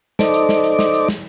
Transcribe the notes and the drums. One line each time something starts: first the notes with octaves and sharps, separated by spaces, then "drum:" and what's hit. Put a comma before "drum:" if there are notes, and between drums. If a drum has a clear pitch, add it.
D#4 A4 C5 D5 D#5 D6, drum: snare
drum: hi-hat
drum: snare
drum: hi-hat
drum: snare
drum: hi-hat
drum: snare